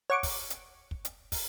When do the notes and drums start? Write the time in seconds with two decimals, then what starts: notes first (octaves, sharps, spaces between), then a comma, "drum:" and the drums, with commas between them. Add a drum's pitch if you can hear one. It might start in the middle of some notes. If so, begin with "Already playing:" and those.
0.10 C#5 F#5 C#6 D6
0.23 drum: kick, open hi-hat
0.50 drum: hi-hat
0.91 drum: kick
1.05 drum: hi-hat
1.32 drum: kick, open hi-hat